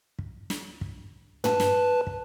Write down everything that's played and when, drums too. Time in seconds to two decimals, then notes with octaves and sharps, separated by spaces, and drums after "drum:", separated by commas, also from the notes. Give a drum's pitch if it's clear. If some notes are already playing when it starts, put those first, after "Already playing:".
0.19 drum: kick
0.50 drum: snare
0.81 drum: kick
1.44 B4 A5, drum: tom
1.60 drum: snare
2.07 drum: kick